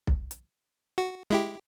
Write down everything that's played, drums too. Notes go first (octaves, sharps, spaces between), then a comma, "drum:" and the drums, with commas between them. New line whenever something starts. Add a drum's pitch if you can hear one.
drum: kick B1
drum: hi-hat
F#4
G#3 E4 G4